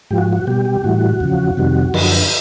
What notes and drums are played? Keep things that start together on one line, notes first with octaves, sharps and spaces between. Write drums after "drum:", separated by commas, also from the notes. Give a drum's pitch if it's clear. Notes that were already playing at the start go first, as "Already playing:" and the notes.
G#2 F3 G4
F#4
F#4
B2 G3 G4
G4
A2 E3 G3 F#4
E2 C#3 F3
F2 C3 D#3 G3
F#2 D3 F3, drum: cymbal